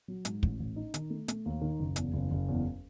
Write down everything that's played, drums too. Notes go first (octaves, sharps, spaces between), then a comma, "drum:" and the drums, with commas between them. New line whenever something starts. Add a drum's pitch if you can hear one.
F#3
G#2, drum: hi-hat
A1, drum: kick
A1
D#4
D#3, drum: hi-hat
A3
A3, drum: hi-hat
D#2
D#3
F#1
E2, drum: hi-hat
F#1
F#1
E2